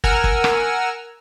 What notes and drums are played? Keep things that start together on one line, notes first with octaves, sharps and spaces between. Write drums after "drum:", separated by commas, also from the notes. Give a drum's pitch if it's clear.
A#4 F#5 G#5 E6 F6, drum: kick
drum: kick
drum: rim click